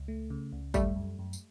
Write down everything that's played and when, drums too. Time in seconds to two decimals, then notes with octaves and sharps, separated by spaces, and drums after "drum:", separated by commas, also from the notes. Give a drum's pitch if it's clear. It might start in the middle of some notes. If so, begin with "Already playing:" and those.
Already playing: C#2
0.08 A3
0.30 C#3
0.53 C#2
0.74 F#2 G3 A3, drum: kick G#1, tambourine
0.96 F#2
1.19 F#2
1.33 drum: tambourine